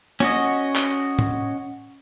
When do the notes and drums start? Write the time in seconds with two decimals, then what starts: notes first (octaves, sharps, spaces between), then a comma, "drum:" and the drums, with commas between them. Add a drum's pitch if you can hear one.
0.20 C#4 F#4 D#5, drum: snare
0.76 drum: clap
1.19 drum: tom A2